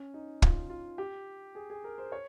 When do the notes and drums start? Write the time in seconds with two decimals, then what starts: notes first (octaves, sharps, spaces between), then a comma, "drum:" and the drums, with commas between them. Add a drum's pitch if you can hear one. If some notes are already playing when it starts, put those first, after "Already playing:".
Already playing: C#4
0.14 D#4
0.42 F4, drum: kick
0.69 F4
0.98 G4
1.55 G#4
1.70 G#4
1.84 A#4
1.98 C5
2.12 C#5